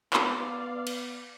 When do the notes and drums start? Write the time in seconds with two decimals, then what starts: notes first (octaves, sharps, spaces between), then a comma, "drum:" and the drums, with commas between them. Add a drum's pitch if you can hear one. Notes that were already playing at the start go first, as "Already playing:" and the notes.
0.13 B3 D5 F5, drum: clap
0.87 drum: cymbal